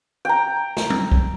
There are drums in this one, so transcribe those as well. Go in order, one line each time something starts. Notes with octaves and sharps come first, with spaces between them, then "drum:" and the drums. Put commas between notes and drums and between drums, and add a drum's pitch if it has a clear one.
G5 A#5
drum: snare
drum: tom F#3
drum: kick